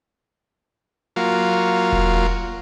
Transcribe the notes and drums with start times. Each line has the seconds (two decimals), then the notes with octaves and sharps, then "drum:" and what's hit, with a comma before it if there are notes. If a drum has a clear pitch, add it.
1.16 F#3 A#3 F4
1.92 drum: kick E1